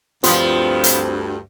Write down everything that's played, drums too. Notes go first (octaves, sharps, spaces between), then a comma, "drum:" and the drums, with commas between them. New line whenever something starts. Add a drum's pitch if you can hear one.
D2 G2 F3 B3 C4 F4, drum: hi-hat
drum: hi-hat